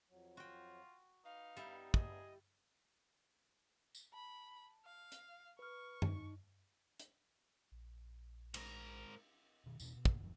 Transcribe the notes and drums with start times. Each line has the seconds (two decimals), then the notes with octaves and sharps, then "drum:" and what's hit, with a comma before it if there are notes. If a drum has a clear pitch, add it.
0.10 F2 F#3
0.37 F4 F#4 G5
1.25 D#4 B4 F5
1.57 G2 G3 B3 E4 A#5
1.94 G#4 D#5, drum: kick
3.95 drum: tambourine
4.14 A5 B5
4.85 F5
5.12 drum: hi-hat
5.59 B4 C#6 F6
6.02 D#4, drum: tom F#2
7.00 drum: hi-hat
7.72 A#1
8.54 G#2 A#4, drum: cymbal
9.66 B2 D#3
9.80 E2 B2 C#4, drum: tambourine
9.96 B2
10.05 drum: kick
10.19 F#1 D#2 A2 F3